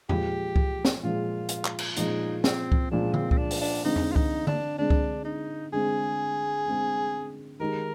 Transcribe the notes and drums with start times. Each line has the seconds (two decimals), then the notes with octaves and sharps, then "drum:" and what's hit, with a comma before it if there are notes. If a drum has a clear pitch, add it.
0.09 A#2 F3 G#3 G4, drum: tom E2
0.56 drum: kick C#2
0.85 drum: snare
1.03 A#2 F3 G#3 F4
1.49 drum: hi-hat
1.65 drum: clap
1.79 drum: cymbal
1.96 A#2 F3 G#3 D#4, drum: hi-hat
2.44 C4, drum: snare
2.72 drum: kick C#2
2.91 A#2 F3 G#3 D4
3.14 C4, drum: tom D3
3.31 C4, drum: kick C#2
3.38 D4
3.51 drum: open hi-hat
3.61 D4
3.84 D3 G#3 C4 D#4
3.96 drum: tom E2
4.12 F4
4.16 D#4, drum: kick C#2
4.47 D4, drum: tom D3
4.79 D3 G#3 C4 D4
4.90 drum: kick C#2
5.25 D#4
5.72 D3 G#3 C4 G#4
6.66 D3 G#3 C4
7.60 D#3 G#3 D#4 G4 A#4